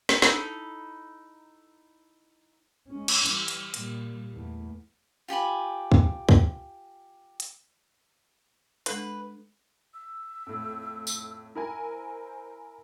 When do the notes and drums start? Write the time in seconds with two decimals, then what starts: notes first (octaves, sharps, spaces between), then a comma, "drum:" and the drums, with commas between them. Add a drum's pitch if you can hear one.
0.09 drum: snare
0.22 D#4 E4 A4, drum: snare
2.89 G#3 C#4
3.08 drum: cymbal
3.26 E3 G3, drum: hi-hat
3.48 drum: hi-hat
3.74 A#2 G3, drum: hi-hat
4.33 E2 A3
5.28 F4 G4 G#5 B5
5.92 drum: kick
6.29 drum: kick
7.40 drum: hi-hat
8.86 G#3 D4 A4 B4, drum: hi-hat
9.94 E6
10.46 F2 A2
11.07 drum: tambourine
11.55 E4 A#4 G#5
11.89 C5